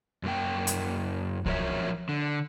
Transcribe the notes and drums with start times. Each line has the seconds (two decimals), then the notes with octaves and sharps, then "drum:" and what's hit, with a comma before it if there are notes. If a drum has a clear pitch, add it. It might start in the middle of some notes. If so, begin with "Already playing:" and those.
0.23 F#2 A#3 G5
0.67 drum: hi-hat
1.46 F3 F#3 A#4 C#5 E5, drum: kick C2
2.09 D3